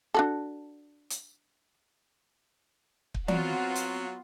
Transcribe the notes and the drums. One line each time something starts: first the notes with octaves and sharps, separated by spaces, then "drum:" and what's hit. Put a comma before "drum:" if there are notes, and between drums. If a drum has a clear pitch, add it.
D4 F#4 A4
drum: hi-hat
drum: kick
F#3 B3 C4 F4 F#4 D5, drum: tom E3
drum: hi-hat